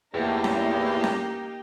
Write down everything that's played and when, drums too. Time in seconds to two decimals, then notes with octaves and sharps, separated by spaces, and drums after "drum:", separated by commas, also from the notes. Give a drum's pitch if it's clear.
0.14 E2 A2 A#3 D#4 G4
0.44 drum: snare C#4
1.04 drum: snare C#4